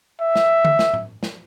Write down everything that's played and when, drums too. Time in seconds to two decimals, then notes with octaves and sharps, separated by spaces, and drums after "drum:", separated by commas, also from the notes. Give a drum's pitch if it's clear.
0.21 E5
0.35 drum: snare
0.65 drum: tom D3
0.79 drum: snare
0.94 drum: tom A2
1.23 drum: snare